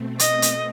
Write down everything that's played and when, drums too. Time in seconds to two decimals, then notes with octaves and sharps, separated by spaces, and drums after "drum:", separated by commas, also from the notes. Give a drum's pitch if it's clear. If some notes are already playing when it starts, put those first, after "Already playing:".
Already playing: B2 A3 C4
0.19 D#5, drum: hi-hat
0.42 drum: hi-hat